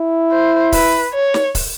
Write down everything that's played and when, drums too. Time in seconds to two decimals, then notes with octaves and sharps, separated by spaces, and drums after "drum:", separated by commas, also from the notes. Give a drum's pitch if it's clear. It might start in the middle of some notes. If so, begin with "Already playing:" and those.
Already playing: E4
0.32 C5
0.72 B4, drum: kick, open hi-hat
1.13 C#5
1.34 drum: snare
1.55 drum: kick, open hi-hat